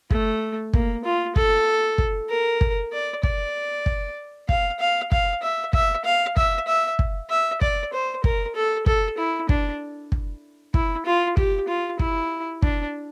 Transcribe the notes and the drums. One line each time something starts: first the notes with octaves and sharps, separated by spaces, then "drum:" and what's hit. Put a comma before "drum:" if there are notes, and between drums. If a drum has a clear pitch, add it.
A3, drum: kick
A#3, drum: kick
F4
A4, drum: kick
drum: kick
A#4
drum: kick
D5
D5, drum: kick
drum: kick
F5, drum: kick
F5
F5, drum: kick
E5
E5, drum: kick
F5
E5, drum: kick
E5
drum: kick
E5
D5, drum: kick
C5
A#4, drum: kick
A4
A4, drum: kick
E4
D4, drum: kick
drum: kick
E4, drum: kick
F4
G4, drum: kick
F4
E4, drum: kick
D4, drum: kick